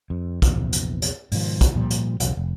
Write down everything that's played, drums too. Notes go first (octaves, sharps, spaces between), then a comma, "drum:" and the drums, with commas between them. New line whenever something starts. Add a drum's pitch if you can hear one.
F2
A#1 E2 C3, drum: kick, hi-hat
drum: hi-hat
drum: hi-hat
G#2 B2 D#3 F3, drum: open hi-hat
drum: kick, hi-hat
A#2 F3 G3
drum: hi-hat
B1 E2 C#3, drum: hi-hat
F1